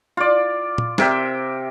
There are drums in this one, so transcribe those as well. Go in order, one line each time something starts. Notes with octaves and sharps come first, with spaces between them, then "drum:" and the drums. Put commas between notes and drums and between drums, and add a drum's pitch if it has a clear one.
F4 D5
drum: tom
C3 A#4 E5 G5, drum: snare